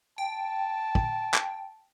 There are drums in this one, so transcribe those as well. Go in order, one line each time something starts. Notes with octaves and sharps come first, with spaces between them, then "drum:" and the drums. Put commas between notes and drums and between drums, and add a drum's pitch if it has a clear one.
G5 A5
drum: kick
drum: clap